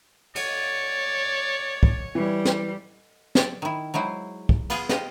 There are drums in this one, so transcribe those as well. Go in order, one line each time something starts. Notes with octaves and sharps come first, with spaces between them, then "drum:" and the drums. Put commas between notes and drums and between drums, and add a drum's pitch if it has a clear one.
C#5 D5, drum: cymbal
drum: kick
E3 G3
drum: snare
A4 D5, drum: snare
D#3 E4
F#3 G#3 E4 C5
drum: kick
B3 F4 G#4, drum: cymbal
F4 G4 D#5 F#5, drum: snare